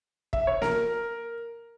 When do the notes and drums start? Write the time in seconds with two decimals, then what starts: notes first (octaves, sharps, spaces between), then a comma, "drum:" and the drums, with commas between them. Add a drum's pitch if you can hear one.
0.33 E5, drum: kick
0.47 C#5
0.62 A#4, drum: snare A#3